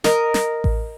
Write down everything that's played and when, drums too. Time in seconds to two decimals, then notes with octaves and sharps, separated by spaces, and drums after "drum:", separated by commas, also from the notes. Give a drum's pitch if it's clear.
0.04 A#4 D#5, drum: snare
0.34 drum: snare
0.64 drum: kick A1